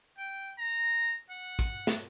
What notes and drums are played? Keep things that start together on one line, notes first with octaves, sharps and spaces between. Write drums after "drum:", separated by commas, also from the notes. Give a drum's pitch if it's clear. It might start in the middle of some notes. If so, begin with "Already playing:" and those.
G5
A#5
F#5
drum: kick
drum: snare